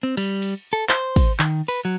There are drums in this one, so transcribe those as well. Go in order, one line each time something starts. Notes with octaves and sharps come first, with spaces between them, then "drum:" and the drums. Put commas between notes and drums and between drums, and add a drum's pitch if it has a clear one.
C4
G3, drum: cymbal
drum: cymbal
A4
C5, drum: clap
drum: kick, cymbal
D#3, drum: clap
B4, drum: cymbal
F#3